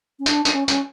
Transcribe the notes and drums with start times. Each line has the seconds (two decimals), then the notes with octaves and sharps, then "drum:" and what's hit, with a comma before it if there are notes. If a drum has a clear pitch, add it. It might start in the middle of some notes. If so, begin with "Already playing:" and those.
0.19 C#4
0.26 D4, drum: tambourine
0.45 D4, drum: tambourine
0.53 C#4
0.68 C#4, drum: tambourine